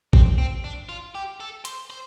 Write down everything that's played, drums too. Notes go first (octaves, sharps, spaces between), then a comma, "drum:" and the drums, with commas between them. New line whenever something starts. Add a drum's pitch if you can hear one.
C4, drum: kick
C4
D4
F4
G4
A4
C5, drum: hi-hat
C5